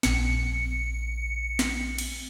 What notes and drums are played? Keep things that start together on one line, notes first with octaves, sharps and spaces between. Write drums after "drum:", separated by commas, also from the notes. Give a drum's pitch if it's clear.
A#1 C#7, drum: snare
drum: snare
drum: cymbal